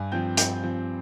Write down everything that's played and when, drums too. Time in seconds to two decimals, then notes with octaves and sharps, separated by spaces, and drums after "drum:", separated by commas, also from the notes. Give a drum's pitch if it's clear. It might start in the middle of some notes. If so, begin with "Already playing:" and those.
Already playing: G2 G#5
0.12 F3 C4 G5 G6
0.37 G2 G5 G6, drum: hi-hat
0.64 F3 C4